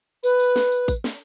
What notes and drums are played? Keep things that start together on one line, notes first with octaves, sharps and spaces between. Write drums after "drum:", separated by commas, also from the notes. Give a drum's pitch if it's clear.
B4, drum: tambourine
drum: tambourine
drum: snare
drum: tambourine
drum: kick, tambourine
drum: snare